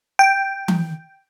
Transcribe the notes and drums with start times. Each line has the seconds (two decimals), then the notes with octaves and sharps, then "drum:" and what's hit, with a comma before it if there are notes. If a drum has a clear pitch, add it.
0.19 G5
0.68 drum: tom E3